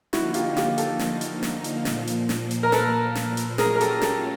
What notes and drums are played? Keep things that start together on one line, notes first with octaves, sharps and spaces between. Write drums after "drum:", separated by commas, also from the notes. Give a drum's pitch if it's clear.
D3 F3 A#3 D#4 E4 F#4, drum: snare
F4 G4, drum: hi-hat
F4 G4, drum: snare
G4 A4, drum: hi-hat
drum: snare
drum: hi-hat
drum: snare
drum: hi-hat
A#2 F3 A#3, drum: snare
drum: hi-hat
drum: snare
drum: hi-hat
A#4
A4 B4, drum: snare
drum: snare
drum: hi-hat
F#3 A3 C#4 F4 G#4 A#4, drum: snare
A#4
G4 A4, drum: hi-hat
G4 A4, drum: snare